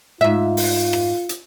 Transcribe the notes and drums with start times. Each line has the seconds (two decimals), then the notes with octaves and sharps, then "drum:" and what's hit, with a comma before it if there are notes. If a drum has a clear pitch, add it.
0.21 G#2 F4 E5
0.57 drum: open hi-hat
0.93 drum: rim click
1.29 drum: hi-hat